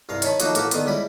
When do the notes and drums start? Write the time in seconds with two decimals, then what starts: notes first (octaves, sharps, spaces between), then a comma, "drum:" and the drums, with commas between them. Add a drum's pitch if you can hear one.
0.09 C2 G2 F5 A#5
0.22 D#3 C#5 A5 B5, drum: hi-hat
0.40 F3 F#3 A3 A#3 D#4 F#4, drum: hi-hat
0.55 A1 A#3 F#4 G4 A4, drum: hi-hat
0.71 D3 D#3 B3, drum: hi-hat
0.86 C#2 G3 E4 B5